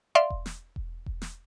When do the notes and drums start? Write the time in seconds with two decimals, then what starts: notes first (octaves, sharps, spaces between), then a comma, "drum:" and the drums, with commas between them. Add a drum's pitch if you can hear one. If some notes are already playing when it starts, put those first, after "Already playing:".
0.15 D5 E5 F5 C6
0.30 drum: kick E1
0.46 drum: snare
0.76 drum: kick E1
1.06 drum: kick E1
1.22 drum: snare